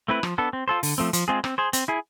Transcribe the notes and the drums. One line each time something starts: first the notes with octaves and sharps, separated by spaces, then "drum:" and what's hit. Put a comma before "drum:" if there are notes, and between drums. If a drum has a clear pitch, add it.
A3 C4 E4 B4
F3, drum: rim click
B3 D4 A4
C4
F4 A4 C5
D3, drum: open hi-hat
F3 A3 C4
F3, drum: hi-hat
G#3 C4 F4 G#4
C4, drum: rim click
G#4 C5
C4, drum: hi-hat
E4 G#4